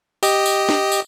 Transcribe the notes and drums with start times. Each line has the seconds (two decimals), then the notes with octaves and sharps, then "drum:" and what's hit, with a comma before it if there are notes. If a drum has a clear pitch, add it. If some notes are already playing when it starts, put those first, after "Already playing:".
0.23 G4 D#5, drum: tambourine
0.46 drum: tambourine
0.69 drum: snare
0.92 drum: tambourine